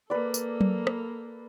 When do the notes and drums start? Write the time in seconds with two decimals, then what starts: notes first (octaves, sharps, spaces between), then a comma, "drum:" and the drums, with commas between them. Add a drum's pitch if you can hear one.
0.10 A#3 A4 B4 D5
0.34 drum: tambourine
0.61 drum: tom F#3
0.87 drum: rim click